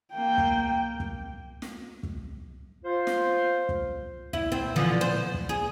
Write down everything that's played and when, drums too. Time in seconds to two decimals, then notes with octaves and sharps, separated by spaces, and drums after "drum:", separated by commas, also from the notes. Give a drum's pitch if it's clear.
0.13 A#3 G5
0.38 drum: kick
1.00 drum: kick
1.62 drum: snare
2.03 drum: kick
2.84 F4 C5
3.07 drum: snare
3.69 drum: kick
4.33 E4, drum: kick
4.52 C4
4.76 D3 E3 F3
5.01 C5
5.34 drum: kick
5.49 G#4